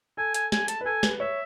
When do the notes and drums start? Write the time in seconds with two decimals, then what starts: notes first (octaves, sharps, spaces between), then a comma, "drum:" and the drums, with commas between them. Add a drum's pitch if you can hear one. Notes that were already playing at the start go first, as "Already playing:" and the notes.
0.17 A4 G#5
0.34 G#5, drum: hi-hat
0.52 G#5, drum: snare
0.68 A5, drum: hi-hat
0.81 B4
0.85 A4 G#5
1.03 B4, drum: snare
1.20 C#5 E5